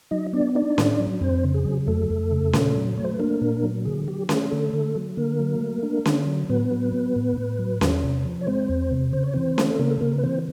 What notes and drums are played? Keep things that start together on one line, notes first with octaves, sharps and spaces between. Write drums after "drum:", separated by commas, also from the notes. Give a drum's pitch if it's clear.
F#3 D#4 D#5
B3 D4 D5
D4 D#4 D5
A2, drum: snare C#4
F#3
F2 C4 C5
C#3
G#4
F#3
F2 A3 A4
F2
C#3
A#2, drum: snare C#4
F#3
A3 C#5
C5
B4
A#3 D4 A#4
A#2
F#3
D3 G#4
F#3 G4
A3 G#4, drum: snare C#4
D3 A3 A4
D3
F#3
D3 A#3 A#4
F#3
A3
D4
D3, drum: snare C#4
F#3
A2 B3 B4
F#3
B3
A2
A2
F#3
E2, drum: snare C#4
C3
F3
C#5
G#3 C4 C5
E2
C3
C#3 C5
C#5
E3 C4 C5
A3, drum: snare C#4
A4
C#3 A#3 A#4
A4
C#3 A#3 A#4
B4
E3 C4 C5